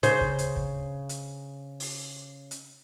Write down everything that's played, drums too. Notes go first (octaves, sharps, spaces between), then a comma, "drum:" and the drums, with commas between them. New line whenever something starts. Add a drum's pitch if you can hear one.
C#3 C5, drum: hi-hat
drum: kick
drum: hi-hat
drum: kick
drum: hi-hat
drum: open hi-hat
drum: hi-hat